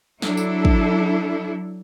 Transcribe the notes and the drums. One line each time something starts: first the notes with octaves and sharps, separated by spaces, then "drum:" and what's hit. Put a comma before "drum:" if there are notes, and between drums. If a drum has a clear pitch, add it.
F#3 D4 E4 A4, drum: snare
drum: tambourine
drum: kick